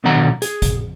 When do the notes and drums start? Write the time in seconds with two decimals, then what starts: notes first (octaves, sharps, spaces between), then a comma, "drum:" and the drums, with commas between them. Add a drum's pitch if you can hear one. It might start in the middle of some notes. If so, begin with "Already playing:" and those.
0.04 B1 B2 D3 D#3 F#5 A#5
0.42 G#4, drum: hi-hat
0.62 drum: kick G#1, hi-hat